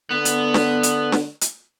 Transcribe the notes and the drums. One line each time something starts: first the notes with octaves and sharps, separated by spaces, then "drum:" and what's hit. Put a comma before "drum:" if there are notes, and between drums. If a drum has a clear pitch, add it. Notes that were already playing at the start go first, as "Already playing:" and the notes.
D3 B3
drum: hi-hat
drum: snare D4
drum: hi-hat
drum: snare D4
drum: hi-hat